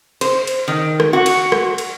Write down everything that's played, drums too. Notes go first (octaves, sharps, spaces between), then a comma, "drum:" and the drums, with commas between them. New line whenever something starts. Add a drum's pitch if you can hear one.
C5, drum: cymbal
drum: cymbal
D#3
drum: rim click
F#4
drum: cymbal
drum: rim click
drum: cymbal